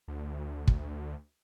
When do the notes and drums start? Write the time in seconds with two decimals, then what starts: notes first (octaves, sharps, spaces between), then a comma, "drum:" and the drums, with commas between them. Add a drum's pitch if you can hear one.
0.08 D2
0.68 drum: kick